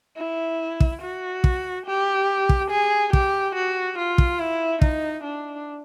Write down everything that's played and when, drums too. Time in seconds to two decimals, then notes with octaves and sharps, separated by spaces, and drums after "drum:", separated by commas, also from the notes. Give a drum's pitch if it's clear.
0.17 E4
0.80 drum: kick
1.02 F#4
1.44 drum: kick
1.86 G4
2.49 drum: kick
2.70 G#4
3.13 G4, drum: kick
3.55 F#4
3.98 F4
4.18 drum: kick
4.39 E4
4.81 D#4, drum: kick
5.24 D4